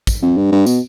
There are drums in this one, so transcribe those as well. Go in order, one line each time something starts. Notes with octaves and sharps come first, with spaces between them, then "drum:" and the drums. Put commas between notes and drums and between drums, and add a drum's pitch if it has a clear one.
drum: kick, tambourine
F2
G2
G2
B2, drum: tambourine